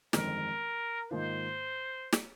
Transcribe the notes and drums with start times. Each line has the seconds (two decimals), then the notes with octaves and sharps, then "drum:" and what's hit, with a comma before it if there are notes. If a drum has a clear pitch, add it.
0.13 G1 F2 D#3 G#3 C4 A#4, drum: snare
1.11 G#2 D#3 A#3 F4 C5
2.12 drum: snare